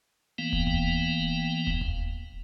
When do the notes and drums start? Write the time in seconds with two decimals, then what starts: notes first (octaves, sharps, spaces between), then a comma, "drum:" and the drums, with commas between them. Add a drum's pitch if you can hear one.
0.38 E3 A#3 B3 F5 G5
0.53 drum: kick
0.67 drum: kick
1.67 drum: kick
1.81 drum: kick